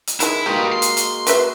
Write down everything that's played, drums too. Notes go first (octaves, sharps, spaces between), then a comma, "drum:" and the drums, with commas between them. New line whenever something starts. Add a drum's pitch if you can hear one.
drum: hi-hat
D#3 G#3 E4, drum: hi-hat
G#3 A#3 D#4 F#4 G4 B4
C6
drum: hi-hat
drum: hi-hat
F#4 A#4 B4 E5, drum: hi-hat